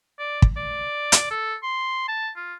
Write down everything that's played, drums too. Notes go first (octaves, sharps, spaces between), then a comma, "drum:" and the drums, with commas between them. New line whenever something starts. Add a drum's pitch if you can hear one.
D5
drum: kick
D5
drum: hi-hat
A4
C6
A5
F4